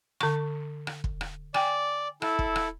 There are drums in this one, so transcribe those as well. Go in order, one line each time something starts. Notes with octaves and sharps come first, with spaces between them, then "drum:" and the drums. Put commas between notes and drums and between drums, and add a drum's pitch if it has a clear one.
D3 C#6, drum: rim click
drum: rim click
drum: kick
drum: rim click
D5 G5 G#5, drum: rim click
E4 A4, drum: rim click
drum: kick
drum: rim click